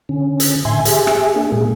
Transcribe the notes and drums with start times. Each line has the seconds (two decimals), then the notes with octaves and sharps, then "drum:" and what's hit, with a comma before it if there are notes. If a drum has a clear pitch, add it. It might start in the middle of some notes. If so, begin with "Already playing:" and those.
0.09 D3 C#4
0.40 drum: hi-hat
0.65 A2 D3 E5 G#5 C6 G#6
0.85 G4 G#4 E5 G#5, drum: hi-hat
1.07 drum: rim click
1.36 A#3 D4
1.52 A#2 G#3 A#3 G#4